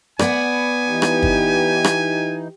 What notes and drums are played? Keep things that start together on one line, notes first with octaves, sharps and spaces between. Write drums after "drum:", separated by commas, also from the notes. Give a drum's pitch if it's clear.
B3 D5 G#5, drum: rim click
E3 D#4 G4
drum: rim click
drum: kick
drum: rim click